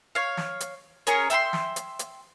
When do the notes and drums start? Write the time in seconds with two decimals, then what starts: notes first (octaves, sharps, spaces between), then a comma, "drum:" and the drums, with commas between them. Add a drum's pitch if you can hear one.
0.15 C#5 F5
0.37 drum: snare
0.60 drum: hi-hat
1.07 C#4 G#4 A#4 C#5, drum: hi-hat
1.30 E5 G5 B5 C6, drum: hi-hat
1.53 drum: snare
1.76 drum: hi-hat
1.99 drum: hi-hat